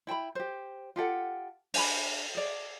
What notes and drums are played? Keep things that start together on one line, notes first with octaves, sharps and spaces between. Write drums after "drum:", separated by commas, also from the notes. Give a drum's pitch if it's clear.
E4 G5 A5 B5
G4 C5
F4 G4 A4 F#5
D4 G#5 B5, drum: open hi-hat
G#4 D5